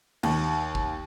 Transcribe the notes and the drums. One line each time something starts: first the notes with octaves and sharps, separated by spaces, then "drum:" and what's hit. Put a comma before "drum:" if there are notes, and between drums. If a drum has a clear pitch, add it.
D#2, drum: cymbal
drum: kick G1